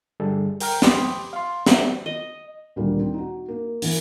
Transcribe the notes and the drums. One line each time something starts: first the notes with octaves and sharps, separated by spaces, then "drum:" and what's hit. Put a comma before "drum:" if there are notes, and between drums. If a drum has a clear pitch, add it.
G2 D3 G3 G#4 A4
A#4 G5 A#5 F6, drum: open hi-hat
G4 G5 B5 C6 D6 D#6, drum: snare
F5 C6
B3 F#4 A#4 C5 D5 E5, drum: snare
D#5
D2 A#2 D#3 G3
C4
D#4 F#4
A#3
E3 A#3, drum: open hi-hat